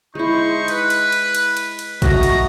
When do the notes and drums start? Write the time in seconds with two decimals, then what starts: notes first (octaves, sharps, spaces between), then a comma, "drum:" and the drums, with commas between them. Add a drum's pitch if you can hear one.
0.15 G#3 D#4 E4 C5 C#6
0.68 B4, drum: cymbal
0.90 drum: cymbal
1.12 drum: cymbal
1.35 drum: cymbal
1.57 drum: cymbal
1.79 drum: cymbal
2.02 A3 F#4 D#5 A#5, drum: kick, cymbal
2.23 drum: cymbal